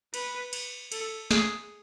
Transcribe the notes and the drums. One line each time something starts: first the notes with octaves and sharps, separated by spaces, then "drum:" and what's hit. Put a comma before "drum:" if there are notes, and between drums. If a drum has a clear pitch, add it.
B4, drum: cymbal
drum: cymbal
A4, drum: cymbal
G#4, drum: snare